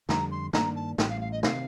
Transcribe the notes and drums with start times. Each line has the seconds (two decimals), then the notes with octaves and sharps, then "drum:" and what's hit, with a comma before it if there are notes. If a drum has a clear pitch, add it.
0.09 F2 D3 G3 A#5, drum: snare
0.31 C6
0.53 G2 D#3 A#3 D4 A#5, drum: snare
0.76 A5
0.98 A1 A2 G3 G5, drum: snare
1.09 F5
1.21 F5
1.32 D#5
1.43 C3 D#3 F5, drum: snare